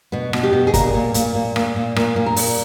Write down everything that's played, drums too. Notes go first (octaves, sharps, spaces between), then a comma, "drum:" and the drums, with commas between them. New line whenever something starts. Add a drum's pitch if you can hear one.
B2 B3
B2, drum: rim click
G4
B2
G#4
A#2 A#4, drum: kick G1, hi-hat
A#2
A#2, drum: hi-hat
A#2
A#2, drum: rim click
A#2
A#2, drum: rim click
A#2
A#4
A#2, drum: open hi-hat